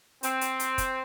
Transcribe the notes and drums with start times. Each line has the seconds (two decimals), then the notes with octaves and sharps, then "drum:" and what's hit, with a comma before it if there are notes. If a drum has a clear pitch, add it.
0.23 C4, drum: hi-hat
0.41 drum: hi-hat
0.60 drum: hi-hat
0.78 drum: kick, hi-hat